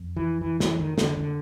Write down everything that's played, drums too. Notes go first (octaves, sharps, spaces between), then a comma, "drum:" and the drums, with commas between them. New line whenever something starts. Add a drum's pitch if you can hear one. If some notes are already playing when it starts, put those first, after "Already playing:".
Already playing: F2
E3
E3
E3, drum: snare
D#3
D3, drum: snare
D3